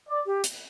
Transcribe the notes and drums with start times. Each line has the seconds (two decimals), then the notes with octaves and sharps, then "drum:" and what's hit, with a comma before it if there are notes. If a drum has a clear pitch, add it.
0.09 D5
0.26 G4
0.44 drum: hi-hat